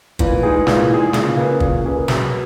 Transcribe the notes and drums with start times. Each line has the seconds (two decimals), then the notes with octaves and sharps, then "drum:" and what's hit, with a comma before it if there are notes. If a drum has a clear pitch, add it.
0.19 A#2 E3, drum: kick
0.43 G#3 D#4 G#4
0.67 A#2, drum: snare
0.90 G#3 D#4 G#4
1.13 A#2 C#3, drum: snare
1.37 A#3 C#4 G#4 B4
1.60 A#2, drum: kick
1.84 A#3 C#4 G#4 B4
2.08 B2 F#3, drum: snare